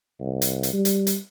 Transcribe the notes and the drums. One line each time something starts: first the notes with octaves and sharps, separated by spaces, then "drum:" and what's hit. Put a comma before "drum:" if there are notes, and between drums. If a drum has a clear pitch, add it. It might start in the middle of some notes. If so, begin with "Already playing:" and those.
C2
drum: hi-hat
drum: hi-hat
G3
drum: hi-hat
drum: hi-hat